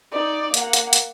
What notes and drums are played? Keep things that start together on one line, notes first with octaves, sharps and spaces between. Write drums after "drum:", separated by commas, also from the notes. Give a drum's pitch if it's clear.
D#4 D5
A#3 F#5, drum: hi-hat
drum: hi-hat
drum: hi-hat